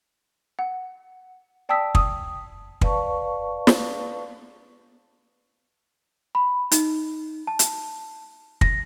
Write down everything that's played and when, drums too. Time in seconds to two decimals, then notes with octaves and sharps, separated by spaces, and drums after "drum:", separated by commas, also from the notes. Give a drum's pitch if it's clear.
0.59 F#5
1.69 D5 G5 A5 D#6 E6 B6
1.95 D#6, drum: kick
2.81 B4 D5 F5 A5 C#6, drum: kick
3.67 drum: snare
6.35 B5
6.72 D#4, drum: hi-hat
7.47 A5
7.59 drum: hi-hat
8.61 A#6, drum: kick